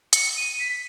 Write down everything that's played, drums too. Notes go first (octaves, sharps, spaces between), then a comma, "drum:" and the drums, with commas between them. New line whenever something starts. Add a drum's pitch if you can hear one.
C#7, drum: hi-hat
D#7
B6